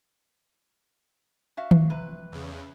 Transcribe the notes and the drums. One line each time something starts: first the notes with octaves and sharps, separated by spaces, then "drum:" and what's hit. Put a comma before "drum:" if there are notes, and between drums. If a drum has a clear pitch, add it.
F#4 E5 F5
drum: tom D#3
C3 B4
E2 C#3